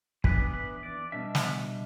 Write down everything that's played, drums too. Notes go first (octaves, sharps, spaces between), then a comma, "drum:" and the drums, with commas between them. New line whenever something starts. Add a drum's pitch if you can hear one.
E3 B3 D4 B4, drum: kick
B4
D5
B2 G3 D4 E5
drum: snare